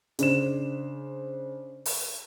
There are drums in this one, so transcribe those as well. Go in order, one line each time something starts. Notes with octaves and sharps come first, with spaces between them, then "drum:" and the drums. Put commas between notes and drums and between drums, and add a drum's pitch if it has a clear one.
C#3 D4 C5 E7, drum: hi-hat
drum: open hi-hat